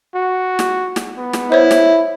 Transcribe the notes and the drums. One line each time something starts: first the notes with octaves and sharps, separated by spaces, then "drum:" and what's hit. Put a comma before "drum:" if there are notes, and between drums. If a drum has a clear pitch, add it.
F#4
drum: snare
drum: snare
B3
drum: snare
E4 C5 C#5
drum: snare